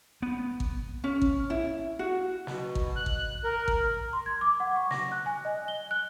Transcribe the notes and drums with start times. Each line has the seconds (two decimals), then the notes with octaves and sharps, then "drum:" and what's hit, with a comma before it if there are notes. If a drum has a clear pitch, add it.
0.22 B3
0.60 drum: kick G#1
1.04 C#4
1.22 drum: kick G#1
1.50 E4
1.99 F#4
2.47 B2, drum: snare
2.75 drum: kick G#1
2.96 F#6
3.06 drum: kick G#1
3.44 A#4
3.68 drum: kick G#1
4.13 C6
4.26 G#6
4.41 D6
4.60 F#5
4.76 C#6
4.91 A#6, drum: snare
5.12 F#6
5.26 G#5
5.45 D#5
5.68 G7
5.91 F#6